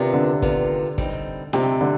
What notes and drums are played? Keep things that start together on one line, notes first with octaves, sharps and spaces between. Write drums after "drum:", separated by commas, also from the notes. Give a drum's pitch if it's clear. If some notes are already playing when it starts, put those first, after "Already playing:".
Already playing: C3 D#3 B3 D4 F4
D3
D#3 B3 D4 F4, drum: kick
G3 C4 D#4, drum: kick
C3 G3 C4 D#4, drum: snare
D3